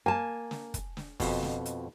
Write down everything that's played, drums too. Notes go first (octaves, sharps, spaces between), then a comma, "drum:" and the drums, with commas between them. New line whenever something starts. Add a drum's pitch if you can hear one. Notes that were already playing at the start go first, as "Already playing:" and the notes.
A#3 G#5 A5
drum: snare
drum: kick, hi-hat
drum: snare
F2 B2, drum: kick, open hi-hat
drum: snare
drum: hi-hat